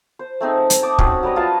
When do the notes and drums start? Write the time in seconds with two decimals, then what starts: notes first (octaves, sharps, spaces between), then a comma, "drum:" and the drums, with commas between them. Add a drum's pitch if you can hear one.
0.19 C5
0.41 A3 C4 D#4 G#4
0.70 drum: hi-hat
0.82 A5 D6 D#6
0.99 C4 C#4 D#4 F#4, drum: kick
1.23 F#3 G3 B4 D#5
1.36 F4 B4 A5 A#5